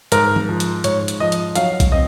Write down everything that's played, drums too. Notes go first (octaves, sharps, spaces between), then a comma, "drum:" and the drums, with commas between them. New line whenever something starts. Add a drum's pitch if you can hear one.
G#2 A#4, drum: hi-hat
drum: tom E3
F3
drum: hi-hat
G#2 C#5, drum: hi-hat
drum: hi-hat
F3 D#5
drum: hi-hat
F#3 F5, drum: hi-hat
drum: kick B1, hi-hat
C4 D#5